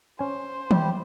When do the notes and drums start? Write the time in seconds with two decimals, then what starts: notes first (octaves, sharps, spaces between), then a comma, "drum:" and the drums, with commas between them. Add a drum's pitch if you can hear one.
0.19 C#4 C5 G#5
0.71 G3 E4 G4, drum: tom D#3